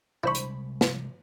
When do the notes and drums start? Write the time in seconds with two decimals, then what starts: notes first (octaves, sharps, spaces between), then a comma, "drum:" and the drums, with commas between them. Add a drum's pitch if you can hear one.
0.24 C3 G3 G#3 D4 E4 C5 B5 C#6
0.35 drum: hi-hat
0.81 drum: snare